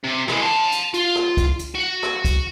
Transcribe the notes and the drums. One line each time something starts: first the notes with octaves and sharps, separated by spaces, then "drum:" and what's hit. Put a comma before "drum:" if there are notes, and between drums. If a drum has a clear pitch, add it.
C3
E3 G#3, drum: rim click
A5 C6
drum: hi-hat
F4, drum: hi-hat
drum: rim click
drum: kick, hi-hat
drum: hi-hat
F#4
drum: rim click
drum: kick, hi-hat